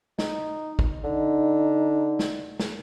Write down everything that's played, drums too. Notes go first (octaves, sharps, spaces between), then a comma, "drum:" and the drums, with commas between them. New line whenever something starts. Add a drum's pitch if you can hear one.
D#4, drum: snare
drum: kick
D3 D#4
drum: snare
drum: snare